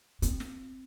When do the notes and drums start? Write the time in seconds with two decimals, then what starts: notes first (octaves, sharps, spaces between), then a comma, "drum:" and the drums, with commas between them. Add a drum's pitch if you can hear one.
0.22 C4, drum: hi-hat
0.40 drum: snare